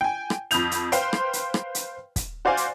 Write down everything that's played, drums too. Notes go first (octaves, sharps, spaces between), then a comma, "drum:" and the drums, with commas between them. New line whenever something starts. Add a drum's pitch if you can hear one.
G5 G#5
drum: rim click
F2 B5 D#6 G6 F7, drum: hi-hat
drum: hi-hat
B4 C5 F5 G5 C6, drum: hi-hat
drum: rim click
drum: hi-hat
drum: rim click
drum: hi-hat
drum: kick, hi-hat
F#4 C5 D5 F5 G#5
drum: hi-hat